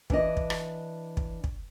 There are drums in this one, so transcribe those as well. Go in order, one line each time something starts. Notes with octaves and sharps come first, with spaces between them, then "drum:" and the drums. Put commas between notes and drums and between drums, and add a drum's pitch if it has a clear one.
E3 D4 D#5, drum: kick
drum: kick
drum: rim click
drum: kick
drum: kick